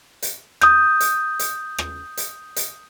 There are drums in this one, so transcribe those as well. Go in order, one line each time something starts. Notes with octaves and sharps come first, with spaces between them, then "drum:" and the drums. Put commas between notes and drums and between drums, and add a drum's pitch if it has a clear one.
drum: hi-hat
D#6 G6, drum: rim click
drum: hi-hat
drum: hi-hat
drum: rim click
drum: hi-hat
drum: hi-hat